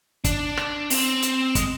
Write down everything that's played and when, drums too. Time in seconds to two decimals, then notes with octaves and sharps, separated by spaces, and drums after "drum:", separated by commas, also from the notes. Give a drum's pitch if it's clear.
0.24 D4, drum: kick, hi-hat
0.57 drum: rim click
0.90 C4, drum: open hi-hat
1.22 drum: hi-hat
1.55 G#3, drum: kick, hi-hat